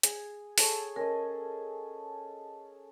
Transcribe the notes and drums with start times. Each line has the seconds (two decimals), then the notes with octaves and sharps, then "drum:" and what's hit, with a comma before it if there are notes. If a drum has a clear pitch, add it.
0.03 G#4, drum: hi-hat
0.58 G#4 A4 C#5, drum: open hi-hat
0.96 C#4 A#4 D#5